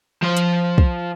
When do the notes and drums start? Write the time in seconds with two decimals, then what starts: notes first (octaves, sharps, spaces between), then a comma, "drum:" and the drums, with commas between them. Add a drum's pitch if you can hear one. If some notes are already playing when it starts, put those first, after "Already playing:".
0.23 F3 C5
0.37 drum: hi-hat
0.78 drum: kick